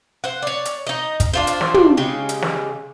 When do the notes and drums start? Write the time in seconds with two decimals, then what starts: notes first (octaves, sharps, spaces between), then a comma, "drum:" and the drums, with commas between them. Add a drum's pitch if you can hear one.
0.24 C5 F#5
0.42 C#5 D5
0.65 drum: hi-hat
0.87 D#4 D#5
1.20 drum: kick, hi-hat
1.33 D4 F4 C5
1.47 drum: hi-hat
1.61 drum: snare
1.74 drum: tom
1.97 C#3 G#3 G4
2.29 drum: hi-hat
2.42 drum: snare